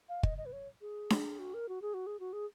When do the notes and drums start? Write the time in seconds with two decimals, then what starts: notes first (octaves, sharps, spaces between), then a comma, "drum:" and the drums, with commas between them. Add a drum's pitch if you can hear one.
0.09 F5
0.23 D#5, drum: kick
0.38 D#5
0.46 B4
0.53 C#5
0.81 G#4
1.10 drum: snare D4
1.39 F#4
1.54 A#4
1.69 F#4
1.82 G#4
1.94 F#4
2.07 G#4
2.20 F#4
2.33 G#4